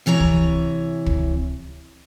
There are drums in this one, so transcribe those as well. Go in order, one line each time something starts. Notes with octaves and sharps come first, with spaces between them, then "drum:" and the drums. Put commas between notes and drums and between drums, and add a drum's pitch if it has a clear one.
C3 E3 C#5 A#5
drum: kick
drum: kick